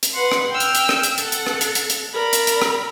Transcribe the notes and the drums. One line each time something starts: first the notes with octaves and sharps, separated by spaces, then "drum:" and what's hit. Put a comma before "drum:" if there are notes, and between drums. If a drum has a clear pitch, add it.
drum: hi-hat
B4 F#5 C6
drum: rim click
G5 E6 F6
drum: hi-hat
drum: hi-hat
drum: rim click
drum: hi-hat
A4 F#5, drum: hi-hat
drum: hi-hat
drum: rim click
drum: hi-hat
drum: hi-hat
drum: hi-hat
A#4 D5 B5
drum: hi-hat
drum: hi-hat
drum: rim click